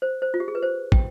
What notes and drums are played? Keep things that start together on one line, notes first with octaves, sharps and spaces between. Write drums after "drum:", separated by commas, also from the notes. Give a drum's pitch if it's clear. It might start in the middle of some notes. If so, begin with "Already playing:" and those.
C5
C5
F4
G4
G#4
B4
C5
G5, drum: kick